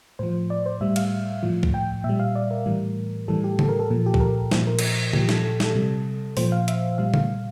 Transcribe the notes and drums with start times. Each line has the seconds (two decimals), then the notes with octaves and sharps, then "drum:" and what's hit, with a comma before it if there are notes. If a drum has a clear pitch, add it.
0.19 A2 F3 C5
0.50 D5
0.66 C5
0.81 A2 G3 E5
0.96 F5, drum: cymbal
1.43 A2 F3
1.63 drum: kick C2
1.74 G5
2.04 A#2 E5
2.09 G3
2.20 F5
2.35 D5
2.51 A#4
2.66 A2 E3 G3
3.28 A2 E3 G3 A4
3.44 G4
3.59 A4, drum: tom C#3
3.69 A#4
3.79 A4
3.90 A#2 F3
4.06 G4
4.14 A4, drum: kick C2
4.20 A#4
4.51 A#2 F3 C5, drum: snare
4.67 A#4
4.79 drum: cymbal
5.13 A#2 F3 G4, drum: tom C#3
5.29 A4, drum: snare
5.44 A4
5.60 A4, drum: snare
5.75 C3 G3
6.37 A#2 F3 C5, drum: open hi-hat
6.52 F5
6.68 E5, drum: hi-hat
6.98 A#2 G3 F5
7.14 F5, drum: tom C#3